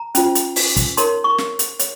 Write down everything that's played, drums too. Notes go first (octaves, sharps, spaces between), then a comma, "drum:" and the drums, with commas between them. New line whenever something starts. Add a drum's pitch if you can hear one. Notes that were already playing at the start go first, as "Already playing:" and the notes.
Already playing: A#5
C#4 F4 C5, drum: hi-hat
drum: hi-hat
drum: open hi-hat
drum: kick, hi-hat
D#4 A#4 C#5 C6, drum: hi-hat
C#6
drum: snare
drum: hi-hat
C#5, drum: hi-hat